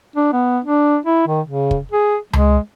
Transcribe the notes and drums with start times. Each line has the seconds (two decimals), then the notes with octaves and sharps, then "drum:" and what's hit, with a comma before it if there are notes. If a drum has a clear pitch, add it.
0.16 D4
0.33 B3
0.65 D4
1.06 E4
1.28 D#3
1.46 C#3
1.71 drum: kick
1.92 G#4
2.33 G#3, drum: tom C#2